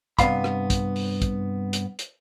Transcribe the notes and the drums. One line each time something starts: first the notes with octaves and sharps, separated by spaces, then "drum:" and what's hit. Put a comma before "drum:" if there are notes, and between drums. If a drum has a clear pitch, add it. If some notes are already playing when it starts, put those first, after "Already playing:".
G2 C3 A3 B3 F5 B5, drum: kick, hi-hat
drum: rim click
drum: kick, hi-hat
drum: open hi-hat
drum: kick, hi-hat
drum: hi-hat
drum: hi-hat